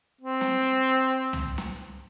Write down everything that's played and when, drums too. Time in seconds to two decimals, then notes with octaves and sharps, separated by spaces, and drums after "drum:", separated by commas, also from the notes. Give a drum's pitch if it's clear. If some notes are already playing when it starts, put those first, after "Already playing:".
0.21 C4
0.41 drum: snare
1.33 drum: tom
1.58 drum: snare